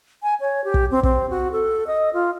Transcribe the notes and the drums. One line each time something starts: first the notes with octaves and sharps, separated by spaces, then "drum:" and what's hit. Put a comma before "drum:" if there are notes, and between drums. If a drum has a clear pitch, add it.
G#5
C#5
G4
drum: kick
C4
C4, drum: kick
F#4
A4
D#5
F4